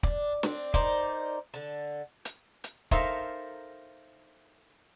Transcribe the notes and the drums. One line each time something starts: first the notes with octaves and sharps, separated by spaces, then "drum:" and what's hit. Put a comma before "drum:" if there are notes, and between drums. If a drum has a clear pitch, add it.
D4, drum: kick
C4 D4, drum: snare
D#4 A#4 C5 D5, drum: kick
D3 A5
drum: hi-hat
drum: hi-hat
D#4 A4 A#4 C5 E5 F5, drum: kick